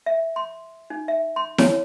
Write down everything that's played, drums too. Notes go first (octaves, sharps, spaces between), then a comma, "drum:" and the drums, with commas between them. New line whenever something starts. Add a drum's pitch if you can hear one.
E5
C6
D#4
E5
C6
C#5, drum: snare E4